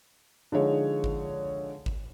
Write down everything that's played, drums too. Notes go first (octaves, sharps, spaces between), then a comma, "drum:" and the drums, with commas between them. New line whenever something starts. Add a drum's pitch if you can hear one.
D3 F3 G#3 D#4 G#4 C#5
drum: kick G#1
drum: kick G#1